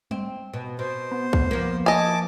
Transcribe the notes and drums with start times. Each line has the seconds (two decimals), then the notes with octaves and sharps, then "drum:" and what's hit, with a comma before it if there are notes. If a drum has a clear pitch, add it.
0.11 C4, drum: tom G3
0.53 B2
0.79 B2 C5
1.12 B3
1.33 drum: kick
1.51 F3 A#3
1.86 D#5 G#5 A5 D6